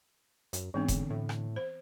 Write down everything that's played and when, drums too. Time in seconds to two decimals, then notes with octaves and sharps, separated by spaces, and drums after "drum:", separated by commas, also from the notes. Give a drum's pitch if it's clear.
0.53 F#2, drum: hi-hat
0.74 G#2 E3 B3 C4 D4
0.88 D3, drum: kick F1, hi-hat
1.10 A2
1.29 drum: rim click
1.56 C5